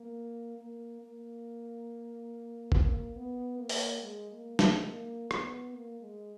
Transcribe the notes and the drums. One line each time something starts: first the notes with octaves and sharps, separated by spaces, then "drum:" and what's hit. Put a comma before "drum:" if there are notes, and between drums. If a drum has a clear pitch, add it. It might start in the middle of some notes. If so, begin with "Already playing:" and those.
Already playing: A#3
A#3
A#3
drum: kick
B3
A#3
drum: open hi-hat
G#3
A#3
G#3, drum: snare
A#3
B3, drum: rim click
A#3
G#3